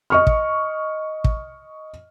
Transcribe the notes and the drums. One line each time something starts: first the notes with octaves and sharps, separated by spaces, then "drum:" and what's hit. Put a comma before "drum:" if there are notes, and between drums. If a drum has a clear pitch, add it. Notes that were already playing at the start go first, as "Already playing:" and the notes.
D#5 C#6 F6
drum: kick
drum: kick